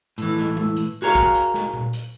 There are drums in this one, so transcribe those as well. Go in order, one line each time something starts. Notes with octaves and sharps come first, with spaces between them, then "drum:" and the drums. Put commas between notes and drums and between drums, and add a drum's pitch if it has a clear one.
A2 E3, drum: hi-hat
drum: snare
drum: tom G#3
drum: hi-hat
F#4 G#4 A#4 C#5 F5
drum: kick, hi-hat
drum: hi-hat
drum: snare
drum: tom A#2
drum: hi-hat